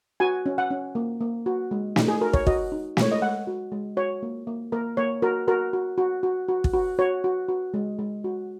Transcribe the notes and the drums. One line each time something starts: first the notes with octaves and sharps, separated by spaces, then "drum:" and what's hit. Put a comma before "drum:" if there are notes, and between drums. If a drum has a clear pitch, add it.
F#4 G#5
C#4
F#5
C#4
A#3
A#3
F#4
G#3
D#4, drum: snare
G#4
F#4 A#4
C#5, drum: kick
F#4 D#5, drum: kick
D#4
G#3 C#5, drum: snare
D#5
G#3 F#5
F#4
G#3
F#4 C#5
A#3
A#3
A#3 A#4
A#3 C#5
F#4 A#4
F#4 A#4
F#4
F#4
F#4
F#4
drum: kick
F#4
F#4 C#5
F#4
F#4
G#3
G#3
F#4